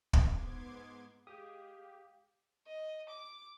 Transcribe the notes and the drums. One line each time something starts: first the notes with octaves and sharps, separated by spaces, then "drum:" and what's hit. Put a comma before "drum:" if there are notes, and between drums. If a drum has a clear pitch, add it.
G#2 B3 C6 D6 G#6, drum: kick
G#3 G4 G#4 F5 D#6
D#5
D6